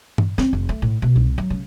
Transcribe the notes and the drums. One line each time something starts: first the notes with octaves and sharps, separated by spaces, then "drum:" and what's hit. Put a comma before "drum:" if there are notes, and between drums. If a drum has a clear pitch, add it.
drum: tom G2
C4, drum: snare
F1
A3
A2
B2
C2
F#3
C#3